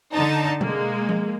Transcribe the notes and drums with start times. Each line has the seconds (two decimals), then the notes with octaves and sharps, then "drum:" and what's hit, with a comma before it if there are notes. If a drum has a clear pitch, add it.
0.13 D3 D#4 A5
0.61 G#3 A#3, drum: tom B2
1.09 drum: tom F3